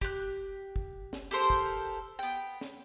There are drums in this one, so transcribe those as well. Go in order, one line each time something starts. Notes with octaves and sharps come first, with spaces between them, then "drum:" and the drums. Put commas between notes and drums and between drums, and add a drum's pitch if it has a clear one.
G4 F#6, drum: kick
drum: kick
drum: snare
G4 A4 A#4 C5
drum: kick
B3 G5
drum: snare